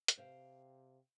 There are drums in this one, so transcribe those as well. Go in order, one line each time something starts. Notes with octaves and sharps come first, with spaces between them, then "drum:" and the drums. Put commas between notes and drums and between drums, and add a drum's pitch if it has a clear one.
drum: hi-hat
C3 C5 F5 G5